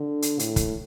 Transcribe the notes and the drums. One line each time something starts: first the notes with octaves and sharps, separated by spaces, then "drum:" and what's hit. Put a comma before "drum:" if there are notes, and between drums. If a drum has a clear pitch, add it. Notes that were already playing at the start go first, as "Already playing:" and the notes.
Already playing: D3
drum: hi-hat
A2, drum: hi-hat
drum: kick, hi-hat